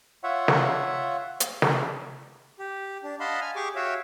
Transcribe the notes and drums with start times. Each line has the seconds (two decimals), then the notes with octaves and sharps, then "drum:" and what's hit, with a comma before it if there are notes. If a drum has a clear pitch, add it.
0.23 F4 C#5 E5 F#5
0.48 drum: snare
1.40 drum: hi-hat
1.62 drum: snare
2.59 G4
3.04 D4
3.20 D#5 F5 F#5 A5 B5 C6
3.41 G#5 F6
3.56 G4 G#4 C#6 D6
3.75 F#4 C#5 E5 F5 G5